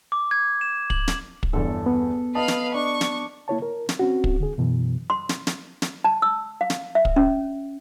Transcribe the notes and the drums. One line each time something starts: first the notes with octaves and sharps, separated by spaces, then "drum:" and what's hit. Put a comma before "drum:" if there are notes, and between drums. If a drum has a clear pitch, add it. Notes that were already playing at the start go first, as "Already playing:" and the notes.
D6
G#6
E7
F#7, drum: kick
drum: snare
drum: kick
G1 E2 A4
B3
B4 D#5 F5 A5
drum: snare
D4 C#6
drum: snare
A#3 E4 C#5 A5
A#4
drum: snare
C4 C#4 F#4
drum: kick
D3 G#4
F#2 B2 E3
C6
drum: snare
drum: snare
drum: snare
A5
E6
F5
drum: snare
E5
drum: kick
C#4